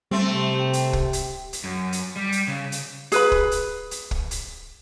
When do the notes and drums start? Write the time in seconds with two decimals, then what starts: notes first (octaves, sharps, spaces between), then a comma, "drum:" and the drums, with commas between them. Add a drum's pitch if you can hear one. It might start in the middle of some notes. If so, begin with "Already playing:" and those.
0.11 G3 A3 C4
0.27 C3
0.55 G4 G5
0.73 drum: hi-hat
0.93 drum: kick
1.13 drum: hi-hat
1.53 drum: hi-hat
1.64 F#2
1.93 drum: hi-hat
2.16 G3
2.32 drum: hi-hat
2.48 C#3
2.72 drum: hi-hat
3.12 G#4 B4 B5, drum: hi-hat
3.32 drum: kick
3.51 drum: hi-hat
3.91 drum: hi-hat
4.11 drum: kick
4.31 drum: hi-hat